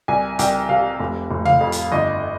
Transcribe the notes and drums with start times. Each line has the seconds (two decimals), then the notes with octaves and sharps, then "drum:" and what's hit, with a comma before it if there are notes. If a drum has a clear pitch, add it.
0.08 C2 G#5
0.39 C2 G5, drum: hi-hat
0.69 C3 F5
0.99 F1
1.31 F1
1.45 F5, drum: tom C3
1.61 F2
1.72 drum: hi-hat
1.92 G1 D#5